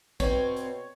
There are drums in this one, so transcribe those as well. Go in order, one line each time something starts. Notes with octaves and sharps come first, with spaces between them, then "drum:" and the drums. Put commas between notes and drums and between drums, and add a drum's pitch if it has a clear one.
B2 C4 B4 C#5 D5 G5, drum: kick, hi-hat
drum: hi-hat